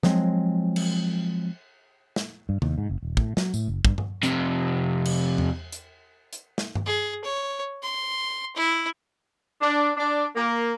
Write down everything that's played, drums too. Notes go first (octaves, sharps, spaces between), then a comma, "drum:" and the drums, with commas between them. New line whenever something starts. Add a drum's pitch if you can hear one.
F3 F#3 G#3 C4, drum: snare
drum: cymbal
drum: snare
G2
D#2, drum: tom C3
G#2
F#1
D#1
A2, drum: kick
F#3, drum: snare
A2, drum: tambourine
F#1
G2, drum: kick
drum: tom G2
F2 C3, drum: hi-hat
drum: cymbal
drum: tom E2
drum: hi-hat
drum: hi-hat
drum: snare
drum: tom G2
G#4
C#5
C6
E4
D4
D4
A#3